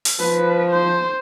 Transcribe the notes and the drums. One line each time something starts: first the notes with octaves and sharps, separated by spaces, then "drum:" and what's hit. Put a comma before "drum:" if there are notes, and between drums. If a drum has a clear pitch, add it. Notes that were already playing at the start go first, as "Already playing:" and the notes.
drum: open hi-hat
F3 B4
C5